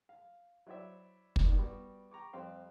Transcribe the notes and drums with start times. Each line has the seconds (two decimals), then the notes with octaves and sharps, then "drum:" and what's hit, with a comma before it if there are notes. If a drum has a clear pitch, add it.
0.09 F5
0.67 F#3 E4 C5 D5 E5
1.36 drum: kick
1.46 C2 A#2 D#3
1.58 G3 B3 F#4 D5
2.11 G5 A#5 C#6 D6
2.33 F2 G3 C4 C5 F5 G5